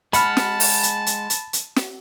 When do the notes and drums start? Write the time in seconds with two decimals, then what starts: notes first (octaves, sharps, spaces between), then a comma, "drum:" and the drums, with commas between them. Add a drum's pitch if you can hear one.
0.13 G#3 F#5 A5 B5 F6, drum: hi-hat
0.37 drum: snare
0.60 drum: open hi-hat
0.83 drum: hi-hat
1.07 drum: hi-hat
1.30 drum: hi-hat
1.53 drum: hi-hat
1.76 drum: snare